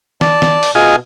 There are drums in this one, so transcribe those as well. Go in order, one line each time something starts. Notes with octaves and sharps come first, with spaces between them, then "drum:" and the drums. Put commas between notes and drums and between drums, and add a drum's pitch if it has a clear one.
D5 A5, drum: snare
drum: snare
drum: open hi-hat
B2 F4 G#4 D#5